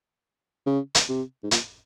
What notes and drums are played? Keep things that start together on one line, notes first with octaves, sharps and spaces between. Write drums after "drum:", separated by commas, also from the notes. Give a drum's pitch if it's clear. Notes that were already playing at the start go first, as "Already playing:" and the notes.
C#3
drum: hi-hat
C3
G#2
A#2, drum: hi-hat